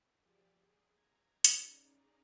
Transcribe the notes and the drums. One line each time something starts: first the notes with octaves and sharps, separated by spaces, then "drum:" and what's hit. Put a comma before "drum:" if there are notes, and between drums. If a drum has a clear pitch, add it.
F3 G4 G#4 D5
G#4
A#5 G#6
C#4 D#4 G#4 D5 A#5, drum: hi-hat